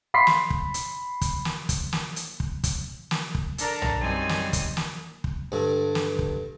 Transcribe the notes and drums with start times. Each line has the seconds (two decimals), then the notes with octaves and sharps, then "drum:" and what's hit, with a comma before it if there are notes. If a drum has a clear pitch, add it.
0.14 B5 C6 B6 C7
0.27 drum: snare
0.50 drum: kick
0.74 drum: hi-hat
1.21 drum: kick, hi-hat
1.45 drum: snare
1.69 drum: kick, hi-hat
1.93 drum: snare
2.16 drum: hi-hat
2.40 drum: kick
2.64 drum: kick, hi-hat
3.11 drum: snare
3.35 drum: kick
3.58 D4 A4 A#4 A5 A#5, drum: hi-hat
3.82 drum: tom
4.00 F#2 G3 C4 D#4 G#5
4.29 drum: snare
4.53 drum: kick, hi-hat
4.77 drum: snare
5.24 drum: kick
5.52 G2 D3
5.95 drum: snare
6.19 drum: kick